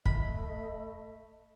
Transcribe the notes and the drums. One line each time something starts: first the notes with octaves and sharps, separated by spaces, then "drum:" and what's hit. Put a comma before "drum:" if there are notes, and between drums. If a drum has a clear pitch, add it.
A3 D#5 B5, drum: kick